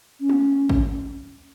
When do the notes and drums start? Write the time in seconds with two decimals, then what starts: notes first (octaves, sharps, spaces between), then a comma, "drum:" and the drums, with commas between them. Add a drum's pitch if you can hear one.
0.20 C#4
0.29 drum: tom
0.69 drum: kick A1